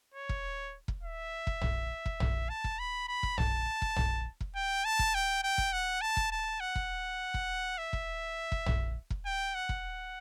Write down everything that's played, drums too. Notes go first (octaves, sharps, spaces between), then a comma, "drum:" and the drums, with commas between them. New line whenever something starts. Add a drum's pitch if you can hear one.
C#5
drum: kick E1
drum: kick E1
E5
drum: kick E1
drum: tom A#1
drum: kick E1
drum: tom A#1
A5
drum: kick E1
B5
B5
drum: kick E1
A5, drum: tom A#1
drum: kick E1
drum: tom A#1
drum: kick E1
G5
A5
drum: kick E1
G5
G5
drum: kick E1
F#5
A5
drum: kick E1
A5
F#5
drum: kick E1
drum: kick E1
E5
drum: kick E1
drum: kick E1
drum: tom A#1
drum: kick E1
G5
F#5
drum: kick E1